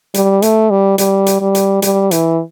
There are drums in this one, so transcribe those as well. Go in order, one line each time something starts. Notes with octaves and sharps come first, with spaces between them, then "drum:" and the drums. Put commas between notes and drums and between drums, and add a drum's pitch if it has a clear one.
G3, drum: hi-hat
A3, drum: hi-hat
G3
G3, drum: hi-hat
drum: hi-hat
G3
drum: hi-hat
G3, drum: hi-hat
E3, drum: hi-hat